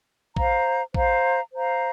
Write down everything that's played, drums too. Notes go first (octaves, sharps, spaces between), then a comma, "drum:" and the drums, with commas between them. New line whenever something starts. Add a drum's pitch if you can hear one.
C5 F5 A#5, drum: kick
C5 F5 A#5, drum: kick
C5 F5 A#5